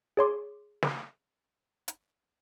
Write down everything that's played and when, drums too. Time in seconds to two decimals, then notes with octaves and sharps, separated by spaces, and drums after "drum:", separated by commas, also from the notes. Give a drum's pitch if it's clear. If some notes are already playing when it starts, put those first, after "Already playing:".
0.17 G#4 C#5 C6 D6
0.82 drum: snare
1.88 drum: hi-hat